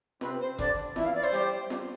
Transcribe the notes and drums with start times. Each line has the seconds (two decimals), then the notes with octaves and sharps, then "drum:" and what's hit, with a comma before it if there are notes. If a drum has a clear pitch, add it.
0.21 C3 C4 B4, drum: snare
0.40 C5
0.58 D3 D4 D5, drum: kick F#1, hi-hat
0.96 E3 E4 E5, drum: snare
1.05 F5
1.15 D5
1.23 C5
1.33 G3 G4, drum: hi-hat
1.70 drum: snare